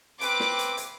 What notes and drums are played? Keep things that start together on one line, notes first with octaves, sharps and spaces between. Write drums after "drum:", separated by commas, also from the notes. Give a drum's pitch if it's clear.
C4 B4 D6, drum: hi-hat
drum: snare
drum: hi-hat
drum: hi-hat